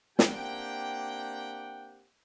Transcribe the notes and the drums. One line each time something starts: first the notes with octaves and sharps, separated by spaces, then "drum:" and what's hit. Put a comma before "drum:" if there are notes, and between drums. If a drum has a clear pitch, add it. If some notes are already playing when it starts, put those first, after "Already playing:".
A#3 C4 D4 G4 F#5 G5, drum: snare